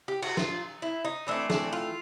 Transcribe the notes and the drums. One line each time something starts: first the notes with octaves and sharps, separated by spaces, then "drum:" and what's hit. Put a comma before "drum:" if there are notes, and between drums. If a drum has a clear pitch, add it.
G4
F#4, drum: cymbal
F4, drum: snare
E4
D#4
E3 A3 C4 D4
D4, drum: snare
F4